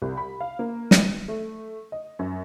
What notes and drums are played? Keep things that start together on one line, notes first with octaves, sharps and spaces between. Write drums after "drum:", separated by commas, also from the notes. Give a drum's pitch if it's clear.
C2
B5
F5
A#3
D#7, drum: snare
A3
D#5
F#2